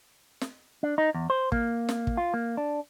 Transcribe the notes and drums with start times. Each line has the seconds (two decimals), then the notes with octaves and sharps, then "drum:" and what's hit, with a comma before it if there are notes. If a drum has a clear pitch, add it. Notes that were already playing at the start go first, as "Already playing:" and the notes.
0.41 drum: snare
0.83 D4
0.98 D#4
1.14 E2
1.30 C5
1.52 A#3, drum: kick
1.89 drum: snare
2.07 drum: kick
2.17 F4
2.34 A#3
2.57 D4